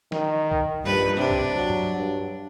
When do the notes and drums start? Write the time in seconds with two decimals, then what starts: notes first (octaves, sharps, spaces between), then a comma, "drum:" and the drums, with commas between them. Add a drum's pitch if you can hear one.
0.12 D#3, drum: snare
0.52 drum: kick C2
0.84 A#1 G2 B4
1.17 C3 D4
1.30 drum: kick C2
1.56 F#3
1.70 drum: tom G2
1.98 G2